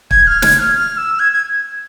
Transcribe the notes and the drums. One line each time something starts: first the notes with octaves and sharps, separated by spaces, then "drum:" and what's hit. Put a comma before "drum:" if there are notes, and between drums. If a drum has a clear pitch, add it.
G#6, drum: kick
F6
G#6, drum: snare
F6
F6
E6
G#6
G#6